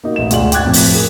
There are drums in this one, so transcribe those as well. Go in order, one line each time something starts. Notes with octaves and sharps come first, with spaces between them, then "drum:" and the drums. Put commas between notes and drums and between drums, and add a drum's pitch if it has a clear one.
A#3 D#4 F#4
A1 E7
D2 G#2 F4 D5 F#7, drum: hi-hat
G5 C#6 D6 F#6 G#6 A6, drum: hi-hat
F2 A2 F3
drum: open hi-hat
G#4 A#4